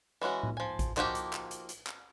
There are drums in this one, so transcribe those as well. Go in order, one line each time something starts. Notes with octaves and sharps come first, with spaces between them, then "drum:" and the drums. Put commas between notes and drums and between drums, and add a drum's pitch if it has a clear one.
E3 G#3 C#4 F#4
drum: tom A2
F3 G#5
drum: kick A1, hi-hat
F3 A#3 D#4 F#4 G4, drum: clap
drum: hi-hat
drum: clap
drum: hi-hat
drum: hi-hat
drum: clap